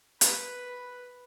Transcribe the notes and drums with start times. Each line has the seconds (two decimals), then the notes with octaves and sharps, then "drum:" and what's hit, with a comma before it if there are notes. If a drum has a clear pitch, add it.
0.21 B4, drum: hi-hat